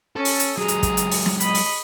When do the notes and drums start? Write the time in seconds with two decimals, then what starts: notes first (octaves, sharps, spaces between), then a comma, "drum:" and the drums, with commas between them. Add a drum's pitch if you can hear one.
0.16 C#4 A4
0.25 drum: open hi-hat
0.39 drum: hi-hat
0.57 F#3 G#3 G#4 A#5
0.68 drum: hi-hat
0.83 drum: kick, hi-hat
0.97 drum: hi-hat
1.11 drum: open hi-hat
1.26 drum: snare
1.40 D#5 B5, drum: hi-hat
1.55 drum: open hi-hat